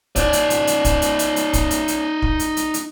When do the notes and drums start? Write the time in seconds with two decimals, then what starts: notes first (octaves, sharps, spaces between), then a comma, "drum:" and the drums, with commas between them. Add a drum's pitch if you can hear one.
0.16 D#4 D5, drum: kick, hi-hat
0.33 drum: hi-hat
0.50 drum: hi-hat
0.67 drum: hi-hat
0.85 drum: kick, hi-hat
1.02 drum: hi-hat
1.19 drum: hi-hat
1.36 drum: hi-hat
1.53 drum: kick, hi-hat
1.71 drum: hi-hat
1.88 drum: hi-hat
2.22 drum: kick
2.39 drum: hi-hat
2.57 drum: hi-hat
2.74 drum: hi-hat